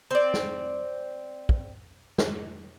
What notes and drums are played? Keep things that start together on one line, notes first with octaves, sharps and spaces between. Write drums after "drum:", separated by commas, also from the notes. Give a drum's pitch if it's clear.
C4 D5
drum: snare
drum: kick
drum: snare